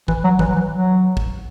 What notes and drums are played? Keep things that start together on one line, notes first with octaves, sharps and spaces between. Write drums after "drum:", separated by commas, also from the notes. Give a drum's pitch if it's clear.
E3, drum: kick
F#3
E3, drum: kick
F#3
E3
F#3
drum: kick